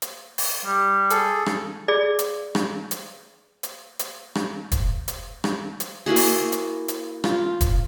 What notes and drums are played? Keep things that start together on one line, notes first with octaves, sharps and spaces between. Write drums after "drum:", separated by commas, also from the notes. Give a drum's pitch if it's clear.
drum: hi-hat
drum: open hi-hat
G3
G#4 A4, drum: hi-hat
drum: rim click
G#4 D5
drum: hi-hat
drum: rim click
drum: hi-hat
drum: hi-hat
drum: hi-hat
drum: rim click
drum: kick, hi-hat
drum: hi-hat
drum: rim click
drum: hi-hat
A#3 E4 F#4 G#4
drum: open hi-hat
drum: hi-hat
drum: hi-hat
F4, drum: rim click
drum: kick, hi-hat